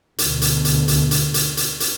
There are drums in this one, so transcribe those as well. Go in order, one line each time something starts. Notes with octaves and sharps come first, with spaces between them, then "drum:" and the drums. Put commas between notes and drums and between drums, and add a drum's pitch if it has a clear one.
D2 B2, drum: hi-hat
drum: hi-hat
drum: hi-hat
drum: hi-hat
drum: hi-hat
drum: hi-hat
drum: hi-hat
drum: hi-hat